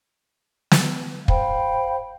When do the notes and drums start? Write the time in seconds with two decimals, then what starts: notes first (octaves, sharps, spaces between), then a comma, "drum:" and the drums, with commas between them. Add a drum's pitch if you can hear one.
0.71 drum: snare
1.28 C5 F5 G5 B5, drum: kick